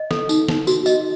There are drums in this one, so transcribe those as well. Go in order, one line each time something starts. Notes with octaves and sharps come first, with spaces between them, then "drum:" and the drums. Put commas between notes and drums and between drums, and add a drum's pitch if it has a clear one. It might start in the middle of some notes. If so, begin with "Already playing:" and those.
Already playing: D#5
A4, drum: snare
D#4, drum: tambourine
D#4, drum: snare
F#4, drum: tambourine
D#5, drum: tambourine